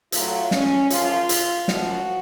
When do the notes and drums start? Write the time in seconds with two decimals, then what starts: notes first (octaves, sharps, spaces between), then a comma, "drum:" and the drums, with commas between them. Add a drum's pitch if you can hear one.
0.12 A2 F#3 F4, drum: hi-hat
0.51 C#4, drum: snare
0.90 F#2 C#3 F3 F4, drum: hi-hat
1.29 drum: hi-hat
1.68 F#2 F3 F#4, drum: snare